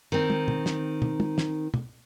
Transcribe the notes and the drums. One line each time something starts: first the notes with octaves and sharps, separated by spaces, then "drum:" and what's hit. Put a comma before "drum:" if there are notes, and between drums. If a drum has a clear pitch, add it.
D#3 C4
drum: tom
drum: tom
drum: snare
drum: tom
drum: tom
drum: snare
drum: tom